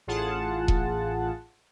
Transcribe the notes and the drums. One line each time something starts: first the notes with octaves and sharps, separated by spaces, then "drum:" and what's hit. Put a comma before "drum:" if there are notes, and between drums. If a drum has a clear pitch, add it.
A1 A2 F4 G#4 F#5 A5
drum: kick E1